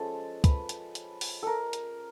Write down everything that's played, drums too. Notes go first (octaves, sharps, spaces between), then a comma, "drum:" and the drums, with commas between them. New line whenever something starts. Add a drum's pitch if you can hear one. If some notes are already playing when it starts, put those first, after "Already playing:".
Already playing: F3 G#3 C#4 A4
B4, drum: kick, hi-hat
drum: hi-hat
drum: hi-hat
drum: open hi-hat
A4 A#4
drum: hi-hat